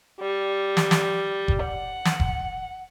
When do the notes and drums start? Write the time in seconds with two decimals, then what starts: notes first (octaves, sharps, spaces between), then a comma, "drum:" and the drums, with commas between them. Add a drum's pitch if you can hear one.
0.19 G3
0.77 drum: snare
0.91 drum: snare
1.48 drum: kick F1
1.62 F#5
2.05 drum: snare
2.20 drum: kick F1